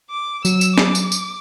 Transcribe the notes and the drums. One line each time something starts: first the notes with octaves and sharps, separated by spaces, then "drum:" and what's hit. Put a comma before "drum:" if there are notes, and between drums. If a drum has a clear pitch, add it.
D6
F#3 E6, drum: tambourine
drum: tambourine
D6, drum: snare
drum: tambourine
drum: tambourine